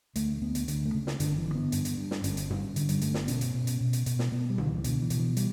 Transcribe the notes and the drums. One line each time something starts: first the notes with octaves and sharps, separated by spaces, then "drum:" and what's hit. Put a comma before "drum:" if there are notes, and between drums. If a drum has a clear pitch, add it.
D2 A3, drum: hi-hat
A3
D2 B3
drum: hi-hat
D2, drum: hi-hat
A3
C#3
drum: snare
G1 D3, drum: hi-hat
E3
D3
B3
G2, drum: hi-hat
drum: hi-hat
G2
drum: snare
G1 C#4, drum: hi-hat
drum: hi-hat
G2, drum: tom G#2
D3, drum: hi-hat
G3, drum: hi-hat
G1 A3, drum: hi-hat
B3, drum: snare
B2 C#4, drum: hi-hat
drum: hi-hat
B2
drum: hi-hat
B2
drum: hi-hat
B2, drum: hi-hat
drum: snare
B2 B3
G3
C#2 D3, drum: tom G#2
E3
B2 D3, drum: hi-hat
E3
B2, drum: hi-hat
E3
G3, drum: hi-hat